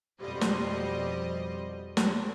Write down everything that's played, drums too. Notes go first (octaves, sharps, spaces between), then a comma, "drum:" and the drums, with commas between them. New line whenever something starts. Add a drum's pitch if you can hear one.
F2 B2 G3 C5 D#5
drum: snare
drum: snare